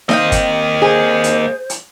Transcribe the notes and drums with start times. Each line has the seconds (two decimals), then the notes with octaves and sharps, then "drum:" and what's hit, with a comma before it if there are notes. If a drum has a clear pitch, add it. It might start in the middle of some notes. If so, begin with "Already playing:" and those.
0.09 A#3 C4 D#5 F5 G5, drum: snare D#4
0.32 drum: kick, hi-hat
0.82 G#4 C5
1.24 drum: hi-hat
1.70 drum: hi-hat